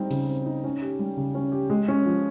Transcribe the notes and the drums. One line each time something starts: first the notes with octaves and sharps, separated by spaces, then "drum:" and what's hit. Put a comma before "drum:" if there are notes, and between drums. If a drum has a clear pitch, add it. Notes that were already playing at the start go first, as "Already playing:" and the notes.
Already playing: G3 C4 D#4
C#3, drum: open hi-hat
C4
D#4
C#4
G4
G3
C#3
C#4
G4
G#3
C#4
F3